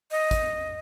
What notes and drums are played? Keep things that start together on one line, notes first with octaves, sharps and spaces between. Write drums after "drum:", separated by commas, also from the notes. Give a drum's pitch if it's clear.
D#5
drum: kick, hi-hat